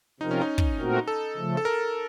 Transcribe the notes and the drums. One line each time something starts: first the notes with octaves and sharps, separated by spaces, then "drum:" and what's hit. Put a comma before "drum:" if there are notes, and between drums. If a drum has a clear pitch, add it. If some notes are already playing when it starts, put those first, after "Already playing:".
C3 F3 C4 D#4 F4 A#4
C#4
D#4
drum: kick
A#2 A3 C4 F#4 A#4
A4
C#3 F3 A3
A4
A#4